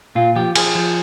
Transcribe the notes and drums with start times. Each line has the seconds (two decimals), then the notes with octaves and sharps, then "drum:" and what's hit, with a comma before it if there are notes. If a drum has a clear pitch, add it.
0.15 A#2 F4
0.36 F3 G4
0.56 F3 G#4, drum: cymbal
0.75 F3